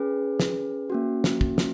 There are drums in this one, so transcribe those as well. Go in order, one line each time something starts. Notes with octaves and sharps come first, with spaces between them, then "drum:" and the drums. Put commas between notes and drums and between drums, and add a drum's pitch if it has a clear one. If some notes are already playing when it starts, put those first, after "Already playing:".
Already playing: C#4 G#4 B4
drum: snare
A#3 C#4 F#4
drum: snare
drum: kick
drum: snare